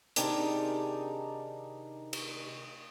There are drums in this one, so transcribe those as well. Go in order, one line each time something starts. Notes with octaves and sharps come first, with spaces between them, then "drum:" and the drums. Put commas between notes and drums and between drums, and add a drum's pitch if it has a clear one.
C3 D#3 D4 D#4 G4 G#4, drum: hi-hat
drum: cymbal